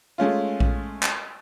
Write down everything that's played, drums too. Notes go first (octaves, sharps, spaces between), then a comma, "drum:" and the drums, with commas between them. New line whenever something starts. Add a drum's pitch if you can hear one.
G#3 A3 C#4 F4
drum: kick A#1
drum: clap